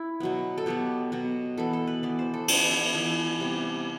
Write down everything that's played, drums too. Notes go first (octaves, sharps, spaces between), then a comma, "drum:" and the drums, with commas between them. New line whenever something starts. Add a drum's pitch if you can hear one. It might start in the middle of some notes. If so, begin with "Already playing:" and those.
Already playing: E4
B2 F#3 B3
A4
B2 F#3 B3 G4
B2 F#3 B3
E3 B3 A4
A4
B4
E3 B3 D5
C5
A4
E3 B3 C5, drum: cymbal
E4
E3 B3 E4
C3 G3 B3